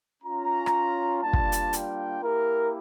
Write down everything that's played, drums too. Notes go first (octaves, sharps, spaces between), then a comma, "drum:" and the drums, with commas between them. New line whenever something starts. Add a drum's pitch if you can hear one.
C#4 F4 A#5
drum: rim click
G3 A#3 D4 F4 A5
drum: kick
drum: hi-hat
G5, drum: hi-hat
A#3 E4 G4 A#4